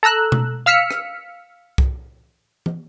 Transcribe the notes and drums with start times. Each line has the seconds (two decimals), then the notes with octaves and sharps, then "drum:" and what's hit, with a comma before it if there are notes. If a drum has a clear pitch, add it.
0.03 A4 A#5 E6 F#6
0.32 drum: tom B2
0.66 F5 E6 F6 B6 C#7
0.91 drum: rim click
1.78 drum: kick C2
2.66 drum: tom